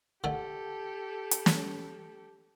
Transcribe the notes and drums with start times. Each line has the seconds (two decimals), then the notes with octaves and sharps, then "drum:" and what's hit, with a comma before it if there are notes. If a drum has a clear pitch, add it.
0.24 D3 D#3 A3 G4 A4
1.31 drum: hi-hat
1.46 drum: snare